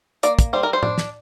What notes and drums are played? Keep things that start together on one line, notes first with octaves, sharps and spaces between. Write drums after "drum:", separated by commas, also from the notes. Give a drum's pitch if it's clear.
A#3 D5, drum: hi-hat
drum: kick, hi-hat
G3 C5
A#4
C5
D4, drum: tom A2
drum: snare